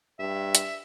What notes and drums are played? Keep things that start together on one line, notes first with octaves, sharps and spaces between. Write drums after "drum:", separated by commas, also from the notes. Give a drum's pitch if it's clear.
G2 E5
drum: hi-hat